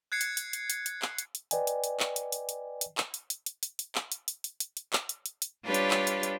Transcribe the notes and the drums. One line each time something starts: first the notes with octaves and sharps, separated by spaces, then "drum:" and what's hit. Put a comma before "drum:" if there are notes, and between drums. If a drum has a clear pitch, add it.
F#6 G#6 C7 C#7
drum: hi-hat
drum: hi-hat
drum: hi-hat
drum: hi-hat
drum: hi-hat
drum: clap
drum: hi-hat
drum: hi-hat
B4 D5 D#5 G5 G#5, drum: hi-hat
drum: hi-hat
drum: hi-hat
drum: clap
drum: hi-hat
drum: hi-hat
drum: hi-hat
drum: hi-hat
drum: clap
drum: hi-hat
drum: hi-hat
drum: hi-hat
drum: hi-hat
drum: hi-hat
drum: clap
drum: hi-hat
drum: hi-hat
drum: hi-hat
drum: hi-hat
drum: hi-hat
drum: clap
drum: hi-hat
drum: hi-hat
drum: hi-hat
G3 D4 F4 G4 B4 C#5
drum: hi-hat
drum: clap
drum: hi-hat
drum: hi-hat